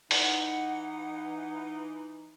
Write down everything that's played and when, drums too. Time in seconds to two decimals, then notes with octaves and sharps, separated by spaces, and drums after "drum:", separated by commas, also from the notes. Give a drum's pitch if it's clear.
0.11 E3 D#4 F#5, drum: open hi-hat